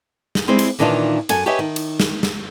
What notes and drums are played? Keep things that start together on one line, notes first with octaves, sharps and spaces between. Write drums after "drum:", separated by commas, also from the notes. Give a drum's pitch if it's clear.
drum: snare
G3 G#3 C4 E4 C5
drum: cymbal
A#2 D#3 E3 D4 D#4 F4
F#2 A4 G#5, drum: cymbal
G4 B4 C#5 D#5 E5 G#5
D#3
drum: cymbal
drum: snare
drum: snare